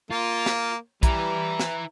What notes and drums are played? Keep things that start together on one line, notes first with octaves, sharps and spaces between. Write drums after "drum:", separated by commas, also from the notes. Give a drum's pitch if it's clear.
A#3 F4
drum: snare
G3 E4 B4 A#5, drum: kick, hi-hat
drum: snare